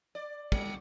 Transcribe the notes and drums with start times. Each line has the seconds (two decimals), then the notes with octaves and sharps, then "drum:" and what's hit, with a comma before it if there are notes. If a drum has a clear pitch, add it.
0.15 D5
0.52 G3, drum: kick